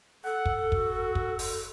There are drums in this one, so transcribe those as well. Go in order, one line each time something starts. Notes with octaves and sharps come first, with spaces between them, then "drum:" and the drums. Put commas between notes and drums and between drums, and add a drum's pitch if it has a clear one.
A4 F#5
drum: kick
F#4, drum: kick
drum: kick
drum: open hi-hat